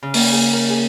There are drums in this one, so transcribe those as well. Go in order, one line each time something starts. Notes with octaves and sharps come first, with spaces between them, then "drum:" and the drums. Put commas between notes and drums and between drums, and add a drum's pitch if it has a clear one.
C#3
A#3, drum: open hi-hat
G#4
A#4
G#4